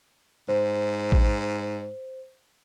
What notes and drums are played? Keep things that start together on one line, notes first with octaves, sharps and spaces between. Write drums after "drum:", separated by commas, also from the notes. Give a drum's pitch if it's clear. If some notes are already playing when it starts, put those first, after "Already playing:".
G#2 C5
drum: kick A1